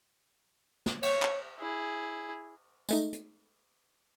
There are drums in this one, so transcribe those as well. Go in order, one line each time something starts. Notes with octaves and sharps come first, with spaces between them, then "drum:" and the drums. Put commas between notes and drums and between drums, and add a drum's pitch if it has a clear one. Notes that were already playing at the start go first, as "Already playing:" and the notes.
drum: snare
C#5, drum: cymbal
drum: clap
E4 G#4
G#3 A3 D#4, drum: tambourine
drum: hi-hat